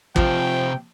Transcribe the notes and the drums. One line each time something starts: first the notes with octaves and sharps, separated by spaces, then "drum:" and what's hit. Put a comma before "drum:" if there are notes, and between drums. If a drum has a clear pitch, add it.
C3 F3 C5 F5 G5, drum: kick